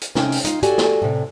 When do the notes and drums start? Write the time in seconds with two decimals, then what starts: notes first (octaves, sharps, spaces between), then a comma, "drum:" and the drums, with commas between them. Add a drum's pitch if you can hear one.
0.01 drum: hi-hat
0.15 C3 C#4 D#4 G5, drum: snare
0.32 drum: open hi-hat
0.45 D#4 F4, drum: hi-hat
0.63 F#4 G4 A4 D5 G#5, drum: hi-hat
0.78 drum: snare
1.02 A2 C3